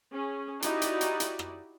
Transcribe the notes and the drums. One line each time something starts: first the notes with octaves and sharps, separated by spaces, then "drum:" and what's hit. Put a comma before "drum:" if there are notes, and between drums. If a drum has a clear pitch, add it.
C#4 G#4
D#4 E4 F#4 G4 D5, drum: hi-hat
drum: hi-hat
drum: hi-hat
drum: hi-hat
drum: rim click